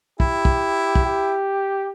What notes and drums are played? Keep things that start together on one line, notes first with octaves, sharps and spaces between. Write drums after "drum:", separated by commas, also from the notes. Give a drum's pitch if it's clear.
E4 G4, drum: kick
drum: kick
drum: kick
G4